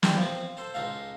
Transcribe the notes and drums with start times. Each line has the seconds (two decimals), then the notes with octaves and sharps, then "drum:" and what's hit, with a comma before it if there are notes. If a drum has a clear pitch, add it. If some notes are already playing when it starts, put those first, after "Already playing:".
0.03 E3 D4 G4 G5, drum: snare
0.17 F3 C4
0.57 A4 C5 A5
0.74 C#2 D#4 A4 F5